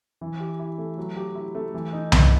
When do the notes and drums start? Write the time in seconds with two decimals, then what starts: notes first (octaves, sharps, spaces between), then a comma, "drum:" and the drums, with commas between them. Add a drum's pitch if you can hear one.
0.21 E3
0.40 G4
0.59 E4
0.78 A3
0.97 F#3
1.17 G4
1.35 E4
1.55 A3
1.74 E3
1.93 D#4
2.12 B3, drum: tom C2